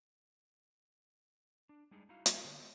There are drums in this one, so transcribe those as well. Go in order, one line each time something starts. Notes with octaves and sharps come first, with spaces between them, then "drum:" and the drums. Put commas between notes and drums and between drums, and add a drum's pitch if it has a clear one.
D4
G3 G#3 D4 D#4 G#4
D#4 E4 F#4 F5
F5 F#5, drum: hi-hat
D3 G3 A3 D4 G4 C5
G#3 B3 A4 C5 D5 D#5